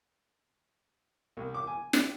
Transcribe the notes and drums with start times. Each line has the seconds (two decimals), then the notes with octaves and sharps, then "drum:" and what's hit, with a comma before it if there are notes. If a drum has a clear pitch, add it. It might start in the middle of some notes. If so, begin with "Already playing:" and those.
1.37 C2
1.54 D6
1.67 G#5
1.93 D5, drum: snare